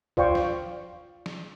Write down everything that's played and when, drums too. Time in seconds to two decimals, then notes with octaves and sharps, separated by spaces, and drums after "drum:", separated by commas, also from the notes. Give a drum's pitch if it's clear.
0.17 F4 C5 D5 F5 G5 C#6, drum: kick
0.35 drum: snare
1.26 drum: snare